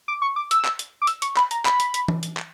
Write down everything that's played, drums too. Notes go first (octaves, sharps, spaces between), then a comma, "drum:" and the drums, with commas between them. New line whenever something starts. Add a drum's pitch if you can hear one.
D6
C#6
D6
E6, drum: hi-hat
drum: clap
drum: hi-hat
D6
E6, drum: hi-hat
C#6, drum: hi-hat
B5, drum: clap
A#5, drum: hi-hat
B5, drum: clap
drum: hi-hat
drum: hi-hat
drum: tom E3
drum: hi-hat
drum: clap